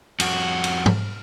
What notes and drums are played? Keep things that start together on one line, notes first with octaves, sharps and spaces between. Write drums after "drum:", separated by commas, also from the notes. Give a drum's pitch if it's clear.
F2 F#4, drum: cymbal
drum: cymbal
drum: tom